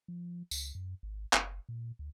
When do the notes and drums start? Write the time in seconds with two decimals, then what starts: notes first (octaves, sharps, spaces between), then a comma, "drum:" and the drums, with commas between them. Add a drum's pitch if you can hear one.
0.08 F3
0.51 C#2, drum: tambourine
0.75 F#2
1.03 G#1
1.33 F#1, drum: clap
1.69 A#2
1.99 D2